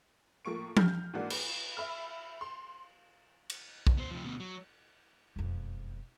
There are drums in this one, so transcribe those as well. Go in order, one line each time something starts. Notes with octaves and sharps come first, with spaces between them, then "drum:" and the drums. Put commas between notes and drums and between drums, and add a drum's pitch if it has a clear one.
A2 F3 A#3 C#6 D7
F6 G6, drum: tom F3
G#2 E3 A#3 D4 F#4
B4, drum: cymbal
E5 B5 F6
C6
drum: cymbal
drum: kick
B3 C5
C3 F3
D2 B2
F#3
E1 F2